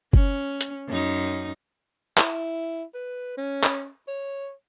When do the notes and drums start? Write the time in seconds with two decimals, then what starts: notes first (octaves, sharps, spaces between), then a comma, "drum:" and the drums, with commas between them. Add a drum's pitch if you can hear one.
0.13 C#4, drum: kick F#1
0.61 drum: hi-hat
0.88 F#2 D#4
2.17 E4, drum: clap
2.94 B4
3.37 C#4
3.63 drum: clap
4.08 C#5